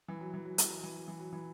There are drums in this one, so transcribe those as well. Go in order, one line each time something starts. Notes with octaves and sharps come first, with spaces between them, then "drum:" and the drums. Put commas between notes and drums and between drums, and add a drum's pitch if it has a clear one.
E3
F#3
E3
F#3
E3, drum: hi-hat
F#3
E3
F#3
E3
F#3
E3